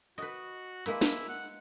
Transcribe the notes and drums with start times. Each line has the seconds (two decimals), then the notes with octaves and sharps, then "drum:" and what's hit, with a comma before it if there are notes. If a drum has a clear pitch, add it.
0.18 F#4 B4 D#5
0.86 G#3 A#3 E4 B4, drum: hi-hat
1.01 drum: snare
1.28 F#5